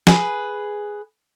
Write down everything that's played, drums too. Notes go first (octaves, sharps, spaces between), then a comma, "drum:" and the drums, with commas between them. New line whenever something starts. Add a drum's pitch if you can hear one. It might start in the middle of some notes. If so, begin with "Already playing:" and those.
G#4 B4, drum: snare